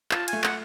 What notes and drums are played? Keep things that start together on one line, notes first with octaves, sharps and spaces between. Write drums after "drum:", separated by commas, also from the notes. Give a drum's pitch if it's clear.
F4 A5, drum: clap
G#5, drum: cymbal
A3
F#5, drum: clap